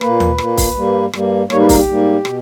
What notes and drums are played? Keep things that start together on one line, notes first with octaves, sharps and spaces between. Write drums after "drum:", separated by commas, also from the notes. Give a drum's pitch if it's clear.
A#2 A#3 B4, drum: rim click
drum: tom D#2
A#2 A#3, drum: rim click
drum: kick, open hi-hat
G2 G3 A#3
G2 G3 A#3, drum: rim click
G#2 G3 A#3 C#5, drum: rim click
B4
A#4, drum: kick, open hi-hat
G4
G#2 G3 A#3
B2, drum: rim click